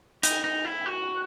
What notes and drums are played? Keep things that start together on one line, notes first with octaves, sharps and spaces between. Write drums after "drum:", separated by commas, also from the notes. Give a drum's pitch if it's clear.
D#4, drum: hi-hat
D#4
E4
F#4